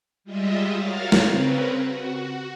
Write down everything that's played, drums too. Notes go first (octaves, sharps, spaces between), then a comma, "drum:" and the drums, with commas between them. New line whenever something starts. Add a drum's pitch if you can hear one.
G3 G#3 F4 D#5 E5
F#4 A#4 C#5 F5 F6 A6
drum: snare
C#3 C4 A#4 B4
F#4